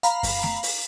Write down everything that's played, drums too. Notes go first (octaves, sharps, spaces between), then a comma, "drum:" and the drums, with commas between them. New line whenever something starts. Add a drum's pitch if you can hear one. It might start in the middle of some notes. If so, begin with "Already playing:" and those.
F5 A#5 B5, drum: hi-hat
drum: kick F#2, open hi-hat
drum: snare A3
drum: open hi-hat